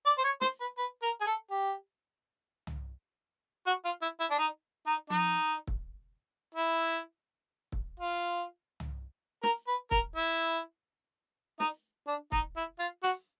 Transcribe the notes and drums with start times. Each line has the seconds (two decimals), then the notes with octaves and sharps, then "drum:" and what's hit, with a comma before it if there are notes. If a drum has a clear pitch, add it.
0.06 D5
0.18 C5
0.24 C#5
0.41 C5, drum: snare
0.61 B4
0.78 B4
1.03 A#4
1.21 G#4
1.27 A4
1.51 G4
2.67 drum: tom
3.67 F#4
3.85 F4
4.02 E4
4.20 E4
4.30 D4
4.38 D#4
4.87 D#4
5.10 D#4, drum: tom F3
5.67 drum: kick
6.55 E4
7.72 drum: kick
7.99 F4
8.80 drum: tom
9.43 A#4, drum: snare
9.68 B4
9.91 A#4, drum: kick
10.16 E4
11.60 D#4, drum: snare
12.07 D4
12.32 D#4, drum: kick
12.56 E4
12.79 F4
13.03 F#4, drum: hi-hat